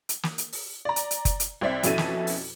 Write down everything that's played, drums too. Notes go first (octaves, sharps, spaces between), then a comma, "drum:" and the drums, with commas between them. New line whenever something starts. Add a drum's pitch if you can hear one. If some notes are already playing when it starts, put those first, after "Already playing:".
drum: hi-hat
drum: snare
drum: hi-hat
drum: open hi-hat
D5 A#5
drum: hi-hat
drum: hi-hat
drum: kick F#1, hi-hat
drum: hi-hat
C2 C4 D5 E5
F2 B2 C#4 E4 A4 D#7, drum: hi-hat
drum: snare
drum: open hi-hat